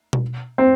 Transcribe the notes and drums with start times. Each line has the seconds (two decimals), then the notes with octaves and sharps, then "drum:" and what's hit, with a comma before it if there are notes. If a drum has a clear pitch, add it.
0.13 drum: tom B2
0.58 C4